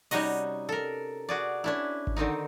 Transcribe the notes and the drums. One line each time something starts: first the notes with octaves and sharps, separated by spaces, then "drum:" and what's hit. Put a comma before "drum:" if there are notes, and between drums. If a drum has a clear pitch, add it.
C3 G3 C#4 D#4 F#4 D#5, drum: open hi-hat
A4 A#4
F#4 G#4 D5
C#4 D4 E4
drum: kick G#1
D3 D#3 C4 D#4